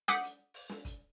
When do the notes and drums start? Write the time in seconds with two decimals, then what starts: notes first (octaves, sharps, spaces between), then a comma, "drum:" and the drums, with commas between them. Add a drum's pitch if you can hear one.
0.08 F#5 D6 D#6 G6 B6 C7, drum: snare
0.23 drum: hi-hat
0.54 drum: open hi-hat
0.69 drum: snare
0.85 drum: kick, hi-hat